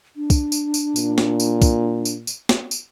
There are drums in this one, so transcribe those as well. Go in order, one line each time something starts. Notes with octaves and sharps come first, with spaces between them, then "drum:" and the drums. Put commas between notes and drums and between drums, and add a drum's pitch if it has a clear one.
D4
drum: kick, tambourine
drum: tambourine
drum: tambourine
A#2, drum: tambourine
drum: snare
drum: tambourine
drum: kick, tambourine
drum: tambourine
drum: tambourine
drum: snare
drum: tambourine